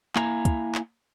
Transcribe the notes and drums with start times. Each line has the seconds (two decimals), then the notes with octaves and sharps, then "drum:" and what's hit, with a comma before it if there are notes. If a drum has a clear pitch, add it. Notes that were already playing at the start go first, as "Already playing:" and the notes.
0.16 A#3 E4 G#5 A#5, drum: clap
0.45 drum: kick, hi-hat
0.75 drum: clap